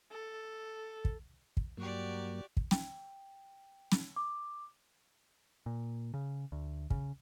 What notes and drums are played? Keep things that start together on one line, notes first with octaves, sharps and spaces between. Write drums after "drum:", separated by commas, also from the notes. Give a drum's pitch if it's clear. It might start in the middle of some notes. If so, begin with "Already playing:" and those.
A4
drum: kick
drum: kick
G2 F#3 A#3 F#4 G4 D5
drum: kick
G5, drum: snare
drum: snare
D6
A#2
C#3
D2
C#3, drum: kick